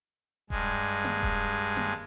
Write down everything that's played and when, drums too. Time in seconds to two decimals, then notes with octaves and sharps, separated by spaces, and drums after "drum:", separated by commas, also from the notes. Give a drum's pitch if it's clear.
0.50 G2 G#3, drum: kick D#1
1.04 drum: tom A#3
1.22 drum: kick D#1
1.77 drum: tom A#3